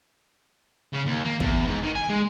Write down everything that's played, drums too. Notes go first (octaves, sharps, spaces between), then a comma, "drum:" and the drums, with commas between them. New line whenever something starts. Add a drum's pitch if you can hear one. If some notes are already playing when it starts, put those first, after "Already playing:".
C#3
D#2
A#3
E2, drum: kick
G#2
D#3
G#5
G#3